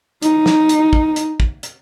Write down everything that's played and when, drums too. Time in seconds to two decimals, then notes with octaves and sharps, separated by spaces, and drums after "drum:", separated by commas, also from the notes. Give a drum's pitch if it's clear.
0.22 D#4, drum: hi-hat
0.46 drum: snare
0.69 drum: hi-hat
0.93 drum: kick
1.16 drum: hi-hat
1.40 drum: kick
1.63 drum: hi-hat